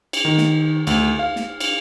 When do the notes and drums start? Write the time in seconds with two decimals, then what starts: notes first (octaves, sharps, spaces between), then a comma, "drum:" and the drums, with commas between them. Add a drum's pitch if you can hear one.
0.13 drum: cymbal
0.25 D#3
0.38 drum: snare
0.87 D2, drum: cymbal
1.19 F5
1.36 drum: snare
1.60 drum: cymbal